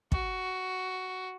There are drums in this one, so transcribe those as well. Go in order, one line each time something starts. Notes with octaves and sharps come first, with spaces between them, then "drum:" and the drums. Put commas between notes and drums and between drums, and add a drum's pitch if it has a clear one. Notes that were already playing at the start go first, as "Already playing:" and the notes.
F#4, drum: kick